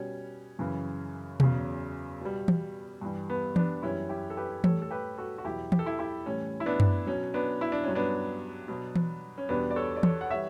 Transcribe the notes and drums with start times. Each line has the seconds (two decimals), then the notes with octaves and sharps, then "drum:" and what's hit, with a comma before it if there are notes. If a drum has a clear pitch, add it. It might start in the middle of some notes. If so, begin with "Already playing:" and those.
Already playing: B2 G3 C#4
0.59 F#2 C#3 E3
1.40 E2 C#3 F#3, drum: tom B2
2.21 B2 G3
2.48 drum: tom E3
3.01 G2 E3 G3
3.30 B3
3.56 B3 D4, drum: tom E3
3.83 F#2 E3 G3 C#4 E4
4.09 E4 G4
4.30 A4
4.37 G4 B4
4.64 A2 G3 A4 C#5, drum: tom E3
4.82 A4
4.91 G4 B4
5.18 F#4 A4
5.38 F#4
5.44 E2 B2 F#3 E4 G4
5.72 G4, drum: tom E3
5.79 A4
5.86 E4 G4
5.99 E4 G4
6.26 A2 E3 G3 C#4
6.60 E4
6.66 B3 D4
6.80 drum: tom F#2
7.06 B2 F#3 C#4
7.34 B3 D4
7.61 E4
7.72 D4
7.83 G2 F#3 C#4
7.95 B3 D4
8.68 B2 F#3
8.96 drum: tom E3
9.38 C#4
9.49 E2 B2 G3 B3 D4
9.71 D5
9.76 A4 C#5
9.97 D5
10.03 A4 C#5, drum: tom E3
10.21 F#5
10.30 E3 G3 C#5 E5